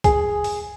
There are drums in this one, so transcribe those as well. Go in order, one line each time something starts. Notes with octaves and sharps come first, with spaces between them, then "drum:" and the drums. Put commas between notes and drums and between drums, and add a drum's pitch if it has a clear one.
G#4, drum: kick, hi-hat
drum: open hi-hat